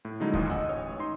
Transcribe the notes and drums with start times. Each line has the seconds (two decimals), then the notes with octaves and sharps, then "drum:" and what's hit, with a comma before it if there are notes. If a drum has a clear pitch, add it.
0.05 A2
0.20 D3 F#3 G#3 C#4 D#4 E4
0.34 A1 D#2 A#2 F4 D#6, drum: kick
0.50 D#5 F#5 G#5 E6
0.69 A1 C#5 D#6
0.99 D#4 C6